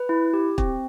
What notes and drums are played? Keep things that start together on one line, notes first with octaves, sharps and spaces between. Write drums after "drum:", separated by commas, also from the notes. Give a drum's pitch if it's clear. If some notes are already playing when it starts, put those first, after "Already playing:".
Already playing: B4
E4
G4
C4, drum: kick